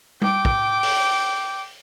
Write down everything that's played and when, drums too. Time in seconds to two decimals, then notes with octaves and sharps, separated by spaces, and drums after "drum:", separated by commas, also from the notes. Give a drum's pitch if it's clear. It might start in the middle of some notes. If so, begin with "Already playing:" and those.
0.22 G5 D6, drum: tom G3
0.45 drum: kick
0.83 drum: open hi-hat